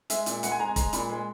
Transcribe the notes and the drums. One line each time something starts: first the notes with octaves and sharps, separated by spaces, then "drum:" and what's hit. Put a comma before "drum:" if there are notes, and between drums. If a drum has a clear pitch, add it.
G#3 E5, drum: hi-hat
A#2, drum: hi-hat
G#3 F#5, drum: hi-hat
G#5
G#3 A#5
G#5
G#3 A#5, drum: kick, hi-hat
A#2 B5, drum: hi-hat
G#3